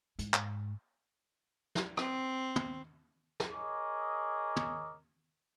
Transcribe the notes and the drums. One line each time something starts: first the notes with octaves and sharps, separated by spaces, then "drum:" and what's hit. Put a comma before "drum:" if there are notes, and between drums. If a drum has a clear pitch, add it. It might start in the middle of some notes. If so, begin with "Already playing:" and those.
G#2, drum: hi-hat
drum: clap
drum: snare
C4, drum: rim click
drum: tom
drum: snare
G#4 A#4 C#5 D#5 D6
drum: tom